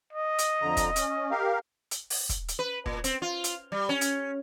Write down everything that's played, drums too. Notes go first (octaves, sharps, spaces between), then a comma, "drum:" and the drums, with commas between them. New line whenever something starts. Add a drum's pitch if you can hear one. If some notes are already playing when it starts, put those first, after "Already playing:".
D#5
drum: hi-hat
F2 D3 A#5
drum: kick, hi-hat
C#4, drum: hi-hat
G4 A#4 F5
drum: hi-hat
drum: open hi-hat
drum: kick, hi-hat
drum: hi-hat
B4
A#2, drum: kick
C4, drum: hi-hat
F4
drum: hi-hat
G3
C#4
drum: hi-hat